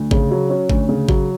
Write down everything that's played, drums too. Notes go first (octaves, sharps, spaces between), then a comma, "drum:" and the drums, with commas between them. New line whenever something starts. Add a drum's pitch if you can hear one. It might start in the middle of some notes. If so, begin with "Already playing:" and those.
Already playing: D2
C#3, drum: kick G#1
F#3
C#4
D2, drum: kick G#1
C#3
F#3, drum: kick G#1